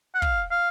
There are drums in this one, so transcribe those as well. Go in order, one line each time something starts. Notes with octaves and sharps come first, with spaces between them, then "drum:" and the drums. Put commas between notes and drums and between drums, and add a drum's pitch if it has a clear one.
F#5
F5, drum: kick
F5